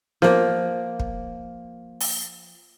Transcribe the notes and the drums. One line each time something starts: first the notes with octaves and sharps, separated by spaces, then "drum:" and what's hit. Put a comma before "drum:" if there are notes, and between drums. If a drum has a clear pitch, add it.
F3 A#3, drum: snare B3
drum: kick
drum: open hi-hat